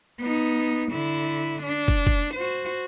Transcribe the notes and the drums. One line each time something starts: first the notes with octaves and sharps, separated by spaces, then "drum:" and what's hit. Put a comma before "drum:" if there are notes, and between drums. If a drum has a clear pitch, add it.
B3 D#4
D3 E4
D4
drum: kick
drum: kick
F#4 C5